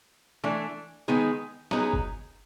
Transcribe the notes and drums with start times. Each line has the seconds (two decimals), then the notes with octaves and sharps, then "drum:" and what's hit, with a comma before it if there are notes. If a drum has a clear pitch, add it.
0.44 E3 A3 D4
1.08 D#3 G#3 B3 D#4 G#4
1.71 F#3 B3 D#4 G#4, drum: snare
1.93 drum: kick F#1